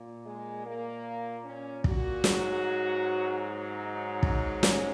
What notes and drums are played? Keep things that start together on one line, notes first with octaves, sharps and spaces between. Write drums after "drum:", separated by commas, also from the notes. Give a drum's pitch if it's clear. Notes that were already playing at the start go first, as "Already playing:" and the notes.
Already playing: A#2
G#3
A#3
C#4
F#4, drum: kick
G#2 F#3, drum: snare
D#4
drum: kick
C#4, drum: snare